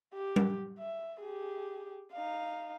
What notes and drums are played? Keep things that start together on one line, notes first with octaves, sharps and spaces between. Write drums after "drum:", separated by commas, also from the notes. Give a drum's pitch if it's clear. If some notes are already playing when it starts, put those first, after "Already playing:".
G4
drum: tom G3
E5
G4 G#4
D#4 F5